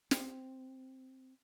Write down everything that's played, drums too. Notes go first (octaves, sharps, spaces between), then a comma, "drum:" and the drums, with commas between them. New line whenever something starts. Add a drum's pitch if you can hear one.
C4, drum: snare